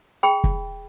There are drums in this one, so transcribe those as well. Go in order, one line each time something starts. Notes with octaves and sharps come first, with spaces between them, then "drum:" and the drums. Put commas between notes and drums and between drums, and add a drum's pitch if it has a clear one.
G#4 G5 B5
drum: kick